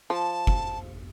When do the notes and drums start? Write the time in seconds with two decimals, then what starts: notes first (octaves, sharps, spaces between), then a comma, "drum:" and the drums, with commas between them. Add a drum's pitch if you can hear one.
0.10 F3 A5
0.47 drum: kick F#1